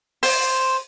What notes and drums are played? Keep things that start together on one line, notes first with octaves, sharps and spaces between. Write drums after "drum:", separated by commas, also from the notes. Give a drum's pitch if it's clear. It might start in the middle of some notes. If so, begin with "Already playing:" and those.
C5, drum: open hi-hat